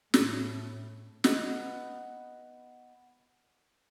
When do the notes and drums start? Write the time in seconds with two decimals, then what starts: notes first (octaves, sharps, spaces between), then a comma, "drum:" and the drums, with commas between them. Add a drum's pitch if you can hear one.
0.14 A2, drum: snare
1.24 B3 D#4 F#5, drum: snare